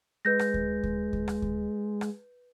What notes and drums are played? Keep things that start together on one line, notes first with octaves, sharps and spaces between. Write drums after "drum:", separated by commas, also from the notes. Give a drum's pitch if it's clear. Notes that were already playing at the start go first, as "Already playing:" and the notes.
G#3 B4 G6 A#6
drum: rim click
drum: kick D2
drum: kick D2
drum: kick D2
drum: rim click
drum: kick D2
drum: rim click